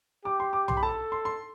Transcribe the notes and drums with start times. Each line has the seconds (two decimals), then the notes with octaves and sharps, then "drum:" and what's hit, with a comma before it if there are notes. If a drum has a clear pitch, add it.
0.25 G4 D6
0.40 C6
0.53 D6
0.68 C6, drum: tom B1
0.77 B5
0.83 A4 A5
1.12 C6
1.25 C6